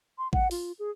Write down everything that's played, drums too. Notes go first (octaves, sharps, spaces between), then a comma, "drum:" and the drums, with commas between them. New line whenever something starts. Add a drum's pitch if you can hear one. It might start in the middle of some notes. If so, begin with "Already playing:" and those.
C6
F#5, drum: kick A1
F4, drum: open hi-hat
G#4